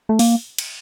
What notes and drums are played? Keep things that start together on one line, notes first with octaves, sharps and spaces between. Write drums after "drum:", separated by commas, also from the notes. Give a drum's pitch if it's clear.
A3
A#3, drum: open hi-hat
drum: cymbal